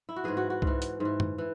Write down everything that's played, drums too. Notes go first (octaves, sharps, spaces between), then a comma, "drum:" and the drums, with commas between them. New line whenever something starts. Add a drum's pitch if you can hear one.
E4
F#4
G#2 E3 G#4
F#4
F#4
G#2 E3, drum: kick C2
drum: hi-hat
G#2 E3
drum: tom F#2
E3